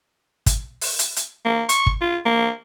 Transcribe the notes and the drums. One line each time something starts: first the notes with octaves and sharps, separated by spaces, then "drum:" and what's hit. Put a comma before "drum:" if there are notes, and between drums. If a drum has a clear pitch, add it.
drum: kick, hi-hat
drum: open hi-hat
drum: hi-hat
drum: hi-hat
A#3
C#6, drum: hi-hat
drum: kick
F4
A#3